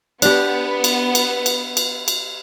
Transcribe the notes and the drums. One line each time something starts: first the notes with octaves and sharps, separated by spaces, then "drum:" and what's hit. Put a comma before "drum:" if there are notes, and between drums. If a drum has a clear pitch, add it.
B3 D4 G4, drum: cymbal
drum: cymbal
drum: cymbal
drum: cymbal
drum: cymbal
drum: cymbal